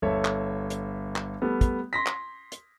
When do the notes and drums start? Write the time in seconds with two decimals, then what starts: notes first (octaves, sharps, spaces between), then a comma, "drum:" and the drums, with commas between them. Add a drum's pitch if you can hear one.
0.02 G1 A4 C#5 E5
0.25 drum: clap
0.70 drum: hi-hat
1.16 drum: clap
1.42 G3 A3 B3
1.61 drum: kick, hi-hat
1.93 C6 A#6 B6
2.07 drum: clap
2.52 drum: hi-hat